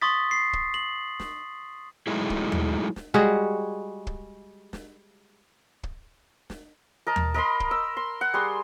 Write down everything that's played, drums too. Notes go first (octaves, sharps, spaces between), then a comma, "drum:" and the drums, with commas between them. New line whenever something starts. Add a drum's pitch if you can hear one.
C6 C#6 D#6 A6 B6
C7
drum: kick
F#7
drum: snare
F#3 G#3 A3 D#4 E4 G#4
drum: kick
drum: tom D#2
drum: snare
G3 G#3 F#4 G#4
drum: kick
drum: snare
drum: kick
drum: snare
A#4 D#5 A5
drum: tom D#2
A#4 D#5 B5 C6
drum: kick
E6
C6
F#5
G3 G#4 C6